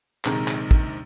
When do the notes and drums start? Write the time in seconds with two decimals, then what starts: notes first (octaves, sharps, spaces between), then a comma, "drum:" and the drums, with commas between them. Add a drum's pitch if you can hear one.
0.25 A#1 C3 D#3 G#3 A#5, drum: clap
0.48 drum: clap
0.71 drum: kick